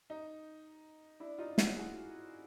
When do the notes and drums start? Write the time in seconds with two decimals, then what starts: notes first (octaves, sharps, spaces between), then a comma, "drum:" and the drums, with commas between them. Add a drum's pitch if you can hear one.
0.10 D#4
1.20 D4 E4
1.38 D#4 F4
1.58 E4 F#4, drum: snare
1.77 F#4 G#4